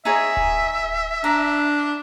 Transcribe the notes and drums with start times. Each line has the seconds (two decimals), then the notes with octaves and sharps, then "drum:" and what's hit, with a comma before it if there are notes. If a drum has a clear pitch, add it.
0.05 D#4 G#4 C#5 E5
0.37 drum: kick D1
1.24 D4 A#5